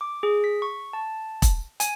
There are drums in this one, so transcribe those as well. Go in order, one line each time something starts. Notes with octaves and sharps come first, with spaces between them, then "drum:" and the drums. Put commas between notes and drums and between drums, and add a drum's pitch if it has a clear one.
D6
G#4
B6
C#6
A5
drum: kick E1, hi-hat
G#5, drum: hi-hat